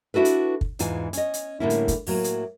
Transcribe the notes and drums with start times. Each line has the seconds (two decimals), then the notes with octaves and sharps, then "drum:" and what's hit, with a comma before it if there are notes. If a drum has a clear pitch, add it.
0.14 D4 E4 F#4 A4 B4
0.25 drum: hi-hat
0.61 drum: kick
0.79 E2 G#2 E3 F4 G#5, drum: hi-hat
1.13 C#4 D#5, drum: hi-hat
1.34 drum: hi-hat
1.60 A2 D3 G3 A#3 C#4 E4
1.70 drum: hi-hat
1.88 drum: kick, hi-hat
2.07 A2 F#3 A#3, drum: open hi-hat
2.24 drum: hi-hat